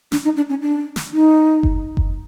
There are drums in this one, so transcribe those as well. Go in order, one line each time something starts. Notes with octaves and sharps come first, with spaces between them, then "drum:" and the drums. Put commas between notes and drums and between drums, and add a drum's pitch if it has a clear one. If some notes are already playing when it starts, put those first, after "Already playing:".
D4, drum: snare
D#4
D4
C#4
D4
drum: snare
D#4
drum: kick F#1
drum: kick F#1